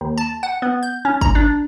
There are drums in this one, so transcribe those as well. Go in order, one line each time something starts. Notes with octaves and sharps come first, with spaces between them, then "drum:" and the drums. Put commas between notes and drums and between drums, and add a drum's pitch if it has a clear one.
D#2
A5
F#5
B3
G6
C#4
A#5, drum: kick
D4